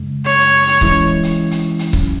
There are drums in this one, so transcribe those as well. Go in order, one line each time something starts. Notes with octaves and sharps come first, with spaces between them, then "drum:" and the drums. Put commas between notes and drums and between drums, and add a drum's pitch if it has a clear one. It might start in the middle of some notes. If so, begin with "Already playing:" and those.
Already playing: F#2 C#3 G#3
C#5
drum: hi-hat
drum: hi-hat
E3 G#3 C#4 E4, drum: kick C#1
drum: hi-hat
drum: hi-hat
drum: hi-hat
G#2 F#3 C#4, drum: kick C#1